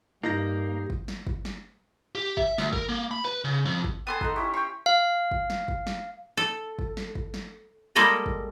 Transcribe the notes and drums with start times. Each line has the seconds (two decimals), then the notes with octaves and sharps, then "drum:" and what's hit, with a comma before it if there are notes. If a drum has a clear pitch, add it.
0.23 G2 A#3 D#4 G4 G6 A#6
0.90 drum: kick
1.08 drum: snare
1.27 drum: kick
1.45 drum: snare
2.15 G4
2.37 E5, drum: kick
2.58 D2, drum: snare
2.73 A#4, drum: kick
2.89 A#3
3.11 B5
3.25 B4
3.44 C#3
3.65 F2
3.84 drum: kick
4.07 B3 A4 C5 G5 G#5 C6 D#6
4.21 D#4 A4 F#5 A#5, drum: kick
4.36 C#4 E4 G4 C#6
4.54 C#5 G5 C6 C#6
4.86 F5
5.31 drum: kick
5.50 drum: snare
5.68 drum: kick
5.87 drum: snare
6.37 A4
6.79 drum: kick
6.97 drum: snare
7.15 drum: kick
7.34 drum: snare
7.95 G3 G#3 A#3 A4 A#4 D#5
8.26 drum: kick